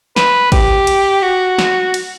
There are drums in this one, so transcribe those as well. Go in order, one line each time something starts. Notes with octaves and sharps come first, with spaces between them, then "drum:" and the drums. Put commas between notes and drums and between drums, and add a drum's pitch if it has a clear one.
B4, drum: snare
G4, drum: kick G#1, cymbal
drum: cymbal
F#4
drum: snare
drum: cymbal